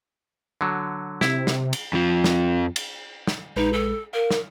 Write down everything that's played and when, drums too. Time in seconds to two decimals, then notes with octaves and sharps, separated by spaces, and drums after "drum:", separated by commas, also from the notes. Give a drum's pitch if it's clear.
0.61 D3 F#3
1.21 C3 E4, drum: snare
1.47 drum: snare
1.73 drum: cymbal
1.93 F2 F3
2.24 drum: snare
2.76 drum: cymbal
3.27 drum: snare
3.56 A#1 G#3 D#4 B4
3.72 A4
4.13 A#4 F5
4.31 drum: snare